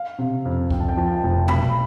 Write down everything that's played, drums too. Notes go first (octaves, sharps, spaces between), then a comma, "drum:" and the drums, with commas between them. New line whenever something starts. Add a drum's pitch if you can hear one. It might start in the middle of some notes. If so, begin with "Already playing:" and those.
Already playing: F5
C3
F2
F2 G5, drum: kick C#2
A5
G5
F3 A5
G5
A5
F1 G5
B1 B5, drum: tom